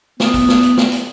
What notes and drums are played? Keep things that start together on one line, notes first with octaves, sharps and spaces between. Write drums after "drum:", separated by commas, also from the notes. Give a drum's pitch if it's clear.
B3, drum: snare
drum: kick, open hi-hat
drum: snare
drum: hi-hat
drum: snare
drum: hi-hat